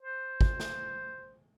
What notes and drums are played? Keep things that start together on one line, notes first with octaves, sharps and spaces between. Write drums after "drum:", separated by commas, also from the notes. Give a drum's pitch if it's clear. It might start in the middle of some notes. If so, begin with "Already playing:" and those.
C5
drum: kick
drum: snare